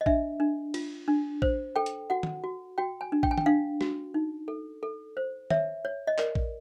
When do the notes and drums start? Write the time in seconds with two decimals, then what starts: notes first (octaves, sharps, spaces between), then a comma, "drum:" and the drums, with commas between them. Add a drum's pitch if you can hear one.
0.01 D#5
0.06 D4 E5, drum: kick
0.40 D4
0.74 F4, drum: cymbal
1.08 D4
1.42 C5, drum: kick
1.76 A4 G5
1.86 drum: hi-hat
2.10 F#4 F#5
2.23 drum: tom
2.44 F#4
2.78 F#4 G5
3.01 G#5
3.12 D4
3.23 G5, drum: kick
3.31 G#5
3.38 G5, drum: tom
3.46 D4 F5
3.81 F#4, drum: snare
4.14 D#4
4.48 A4
4.83 A4
5.17 C5
5.50 C#5 E5, drum: tom
5.85 C#5
6.07 D#5
6.18 A#4 D5, drum: clap
6.35 drum: kick